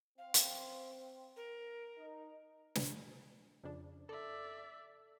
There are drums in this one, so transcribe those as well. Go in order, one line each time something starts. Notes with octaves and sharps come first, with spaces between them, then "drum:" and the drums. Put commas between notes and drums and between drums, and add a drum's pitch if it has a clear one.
C4 F5
drum: hi-hat
A#4
D#4
drum: snare
F2 C#3 D4
A4 D5 E5